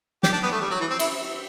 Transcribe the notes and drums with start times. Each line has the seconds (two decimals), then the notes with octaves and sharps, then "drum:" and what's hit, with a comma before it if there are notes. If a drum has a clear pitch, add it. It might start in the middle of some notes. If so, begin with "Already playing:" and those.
0.23 G4, drum: snare
0.32 D4
0.43 B3
0.52 A3
0.61 G3
0.71 F#3
0.80 E3
0.90 C4
0.99 E4, drum: cymbal